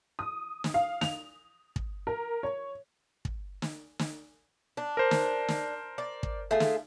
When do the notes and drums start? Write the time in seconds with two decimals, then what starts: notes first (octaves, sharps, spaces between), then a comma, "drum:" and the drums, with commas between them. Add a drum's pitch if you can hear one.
0.19 D#6
0.64 drum: snare
0.74 F5
1.01 F7, drum: snare
1.76 drum: kick
2.07 A#4
2.43 C#5
3.25 drum: kick
3.62 drum: snare
3.99 drum: snare
4.77 D4
4.97 A#4 C5
5.11 drum: snare
5.48 drum: snare
5.98 D5
6.23 drum: kick
6.51 A3 F4 G#4
6.60 drum: snare